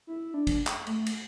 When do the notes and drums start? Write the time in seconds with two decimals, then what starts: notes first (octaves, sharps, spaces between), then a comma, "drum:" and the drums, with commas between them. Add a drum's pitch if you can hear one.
0.07 E4
0.34 D4
0.47 drum: kick, cymbal
0.67 drum: clap
0.87 A3, drum: cymbal
1.06 drum: cymbal